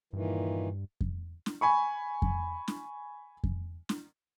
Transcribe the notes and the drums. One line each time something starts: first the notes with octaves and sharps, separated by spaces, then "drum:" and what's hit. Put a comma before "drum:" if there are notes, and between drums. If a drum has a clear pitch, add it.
G2 A#2 D#3 E3
drum: kick F2
drum: snare
G#5 B5 C#6
drum: kick F2
drum: snare
drum: kick F2
drum: snare